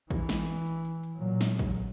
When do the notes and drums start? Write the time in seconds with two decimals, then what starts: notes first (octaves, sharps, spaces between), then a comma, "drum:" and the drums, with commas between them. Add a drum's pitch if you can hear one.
0.10 E3, drum: kick A1, hi-hat
0.29 drum: snare
0.48 drum: hi-hat
0.66 drum: hi-hat
0.85 drum: hi-hat
1.03 drum: hi-hat
1.16 A#2 F#3
1.41 drum: snare
1.59 drum: kick A1, hi-hat